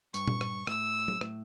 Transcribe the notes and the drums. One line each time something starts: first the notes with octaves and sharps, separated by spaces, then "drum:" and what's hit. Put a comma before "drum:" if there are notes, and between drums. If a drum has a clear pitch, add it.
G2 C#6, drum: tambourine
drum: tom A#2
drum: rim click
A2 E6, drum: rim click
drum: tom F#3
A2, drum: rim click